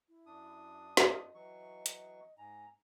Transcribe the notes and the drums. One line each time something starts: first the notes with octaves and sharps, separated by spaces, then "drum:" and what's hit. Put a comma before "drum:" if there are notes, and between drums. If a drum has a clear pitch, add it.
E4
F#2 D4 D#6
drum: snare
D#5
E3 F#3 C#6
drum: hi-hat
G#2 G#5 A#5